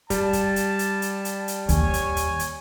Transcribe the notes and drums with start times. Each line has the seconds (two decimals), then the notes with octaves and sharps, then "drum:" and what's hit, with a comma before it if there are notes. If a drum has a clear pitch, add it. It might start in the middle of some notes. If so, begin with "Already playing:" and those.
0.10 G3 A5, drum: kick, hi-hat
0.33 drum: kick, hi-hat
0.56 drum: hi-hat
0.79 drum: hi-hat
1.02 drum: hi-hat
1.25 drum: hi-hat
1.48 drum: hi-hat
1.69 D#2 C#5 G#5, drum: hi-hat
1.94 drum: kick, hi-hat
2.17 drum: kick, hi-hat
2.39 drum: hi-hat